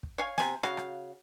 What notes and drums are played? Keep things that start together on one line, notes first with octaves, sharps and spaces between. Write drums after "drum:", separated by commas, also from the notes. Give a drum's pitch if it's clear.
drum: kick
C#5 F5 G#5
C3 G#5, drum: snare
C#3 F#4 F5, drum: rim click
drum: rim click